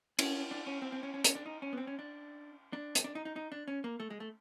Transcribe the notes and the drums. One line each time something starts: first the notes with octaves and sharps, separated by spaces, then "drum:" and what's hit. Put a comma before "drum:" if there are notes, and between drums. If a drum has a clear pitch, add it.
C#4, drum: cymbal
D4
C#4
C4
C4
C#4
C#4
C#4, drum: hi-hat
D4
D#4
C#4
B3
C4
C#4
D4
D4
drum: hi-hat
D4
D#4
D#4
D#4
D4
C#4
A#3
A3
G#3
A3